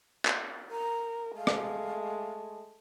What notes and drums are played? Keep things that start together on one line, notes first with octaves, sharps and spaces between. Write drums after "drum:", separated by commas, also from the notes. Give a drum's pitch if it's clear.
drum: clap
A#4 A#5
G#3 A3 F5
drum: rim click